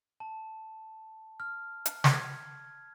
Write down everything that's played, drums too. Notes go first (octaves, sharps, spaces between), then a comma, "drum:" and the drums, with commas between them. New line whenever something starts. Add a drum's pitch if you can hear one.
A5
F6
drum: hi-hat
G#6, drum: snare